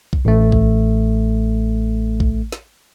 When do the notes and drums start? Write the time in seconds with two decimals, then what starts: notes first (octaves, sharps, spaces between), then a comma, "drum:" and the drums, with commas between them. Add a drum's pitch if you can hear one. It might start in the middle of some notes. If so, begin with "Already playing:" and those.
0.13 drum: kick B1
0.25 A1 A3
0.52 drum: kick B1
2.20 drum: kick B1
2.52 drum: snare